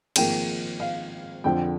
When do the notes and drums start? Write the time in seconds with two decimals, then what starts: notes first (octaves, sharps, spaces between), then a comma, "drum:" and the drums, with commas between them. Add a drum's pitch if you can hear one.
0.16 G#1 G#2 F3 A#3 G5, drum: cymbal
0.80 F5
1.44 F2 D3 F3 G5